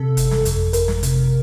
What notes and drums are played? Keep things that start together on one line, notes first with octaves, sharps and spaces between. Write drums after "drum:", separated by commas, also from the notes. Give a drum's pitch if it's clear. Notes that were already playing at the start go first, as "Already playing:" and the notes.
Already playing: C3 A4
G1, drum: hi-hat
drum: snare
F2, drum: hi-hat
G1 A#4, drum: hi-hat
drum: snare
C3, drum: hi-hat